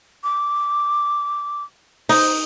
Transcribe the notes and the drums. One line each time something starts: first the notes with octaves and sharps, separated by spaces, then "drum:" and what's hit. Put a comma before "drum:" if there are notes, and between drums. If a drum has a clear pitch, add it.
D6
D#4 C5, drum: open hi-hat